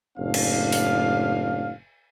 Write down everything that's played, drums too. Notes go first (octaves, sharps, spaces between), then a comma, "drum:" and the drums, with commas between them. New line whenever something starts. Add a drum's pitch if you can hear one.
F#1 A2 C4 D4 F5
drum: cymbal
drum: open hi-hat